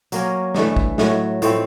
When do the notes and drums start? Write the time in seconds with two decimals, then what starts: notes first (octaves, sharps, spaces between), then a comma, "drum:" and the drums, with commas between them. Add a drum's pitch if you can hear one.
0.12 F#3 A#3 C#4, drum: hi-hat
0.54 G2 E3 A3, drum: snare
0.76 drum: kick
0.98 A2 F#3 A3, drum: snare
1.42 A2 F3 A3 C4, drum: hi-hat